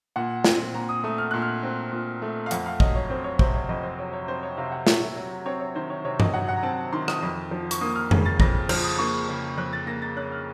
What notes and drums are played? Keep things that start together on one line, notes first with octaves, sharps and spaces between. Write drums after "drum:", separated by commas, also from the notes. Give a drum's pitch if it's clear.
A#2 F#5
C4, drum: snare
A#2 A#5
D#6
A3 D#6
F6
A#2 F#6
F6
C4
A#2
A3
F5
F2 F#5, drum: hi-hat
F5
F#3 D#5, drum: kick
C#5
C4 C5
C#5
C3 C5, drum: kick
C#5
F2 D#5
C5
F#3 C#5
C#5
C4 C5
C#5
C3 F5
F#5
C3 C#5, drum: snare
F#3
C4 C#5
C#5
D#3 C5
C#5
C3 C#5
D#5, drum: tom G2
F#3 F#5
F#5
A#5
C4 A5
D#3 C6
D#6, drum: rim click
F2
F3
C#6, drum: hi-hat
A#3 D#6
F6
C#3, drum: tom F2
A6
F2 A#6, drum: kick
F3 F6, drum: cymbal
D#6
A#3 C#6
C#3
F2 F#6
A6
A#3 A#6
A6
C#4 F#6
F6